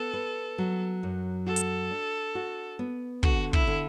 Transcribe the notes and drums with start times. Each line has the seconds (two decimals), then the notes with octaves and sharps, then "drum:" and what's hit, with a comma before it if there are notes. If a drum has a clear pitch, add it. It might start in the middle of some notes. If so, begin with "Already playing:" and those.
Already playing: B3 A4
0.13 B4
0.58 F#3
1.03 F#2
1.46 F#4 A4
1.56 drum: hi-hat
1.91 D4
2.35 F#4
2.79 B3
3.23 D3 F#4, drum: kick
3.53 E4, drum: kick
3.67 D3